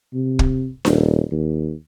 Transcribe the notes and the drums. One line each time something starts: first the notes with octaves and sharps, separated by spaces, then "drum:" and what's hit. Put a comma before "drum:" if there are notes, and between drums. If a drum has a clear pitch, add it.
C3
drum: kick
D#1, drum: snare D4
D#2